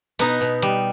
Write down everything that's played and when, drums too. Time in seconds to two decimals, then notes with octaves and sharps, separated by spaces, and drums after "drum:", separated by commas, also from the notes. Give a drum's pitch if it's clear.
0.19 B2 B3 D#4, drum: hi-hat
0.41 B2
0.62 G3, drum: hi-hat